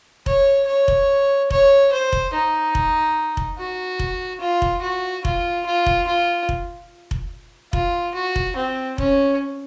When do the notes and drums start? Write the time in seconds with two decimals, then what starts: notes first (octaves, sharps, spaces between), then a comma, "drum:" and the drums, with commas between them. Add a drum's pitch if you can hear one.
0.26 C#5, drum: kick F1
0.67 C#5
0.88 drum: kick F1
1.50 C#5, drum: kick F1
1.92 C5
2.12 drum: kick F1
2.33 D#4
2.75 drum: kick F1
3.37 drum: kick F1
3.58 F#4
3.99 drum: kick F1
4.41 F4
4.62 drum: kick F1
4.82 F#4
5.25 F4, drum: kick F1
5.66 F4
5.86 drum: kick F1
6.07 F4
6.49 drum: kick F1
7.11 drum: kick F1
7.73 F4, drum: kick F1
8.14 F#4
8.36 drum: kick F1
8.56 C4
8.98 C#4, drum: kick F1